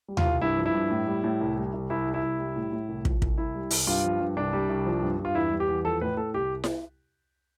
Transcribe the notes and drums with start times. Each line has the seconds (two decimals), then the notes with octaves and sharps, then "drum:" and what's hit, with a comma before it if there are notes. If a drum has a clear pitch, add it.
0.08 G3
0.17 F4, drum: tom D#2
0.25 C2
0.41 G2 E4
0.58 F3
0.66 E4
0.74 G2
0.90 A2
1.07 G3
1.24 A2
1.40 C2
1.57 G3
1.74 C2
1.90 C2 E4
2.06 G3
2.14 E4
2.23 C2
2.39 G3
2.56 A2
2.72 A2
2.89 C2
3.05 F3, drum: kick
3.22 C2, drum: kick
3.38 C2 E4
3.55 G3
3.70 C2, drum: open hi-hat
3.87 G2 F4
4.04 F3
4.20 G2
4.37 C2 D4
4.53 G3
4.69 C2
4.86 F3
5.03 G2
5.19 G2
5.25 F4
5.35 E2 E4
5.51 G3
5.60 G4
5.68 E2
5.85 F3 A4
6.01 A2 B4
6.17 A2 A4
6.34 C2 G4
6.64 drum: snare E4